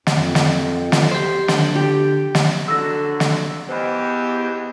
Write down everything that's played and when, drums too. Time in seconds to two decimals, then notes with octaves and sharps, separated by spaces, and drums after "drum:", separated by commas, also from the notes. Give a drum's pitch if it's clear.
0.07 F2, drum: snare
0.35 drum: snare
0.92 drum: snare
1.12 G4 C5
1.48 D3, drum: snare
1.75 G4
2.35 drum: snare
2.68 D3 F#3 E6 A#6
3.20 drum: snare
3.69 E2 B3 G4 C5 D#5 B5